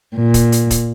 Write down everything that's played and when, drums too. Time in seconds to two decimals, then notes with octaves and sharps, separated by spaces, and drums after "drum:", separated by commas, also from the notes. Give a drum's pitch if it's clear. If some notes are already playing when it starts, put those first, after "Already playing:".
0.16 A#2
0.34 drum: kick, hi-hat
0.52 drum: hi-hat
0.70 drum: kick, hi-hat